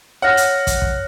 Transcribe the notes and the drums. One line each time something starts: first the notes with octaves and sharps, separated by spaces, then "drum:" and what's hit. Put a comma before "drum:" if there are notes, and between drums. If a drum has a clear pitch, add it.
C#5 F#5 F6 A#6
drum: hi-hat
drum: kick, hi-hat
drum: kick